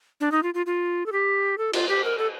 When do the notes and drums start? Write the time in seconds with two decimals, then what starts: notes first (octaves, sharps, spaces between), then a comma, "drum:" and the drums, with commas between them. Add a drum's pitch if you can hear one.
0.20 D4
0.32 D#4
0.43 F4
0.54 F4
0.66 F4
1.06 A4
1.12 G4
1.58 A4
1.73 F4, drum: cymbal
1.88 G4
2.04 A#4
2.18 A4